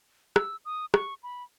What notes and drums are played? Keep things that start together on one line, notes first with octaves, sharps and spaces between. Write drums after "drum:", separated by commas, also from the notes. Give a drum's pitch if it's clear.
E6, drum: rim click
D#6
C#6, drum: rim click
B5